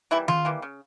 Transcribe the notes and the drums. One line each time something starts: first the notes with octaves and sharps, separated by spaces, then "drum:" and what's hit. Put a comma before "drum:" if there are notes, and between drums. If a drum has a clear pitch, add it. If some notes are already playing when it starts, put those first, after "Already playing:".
E3 G3 A#3 E4
C#3 F4, drum: tom D#3
E3 G3 A#3
C#3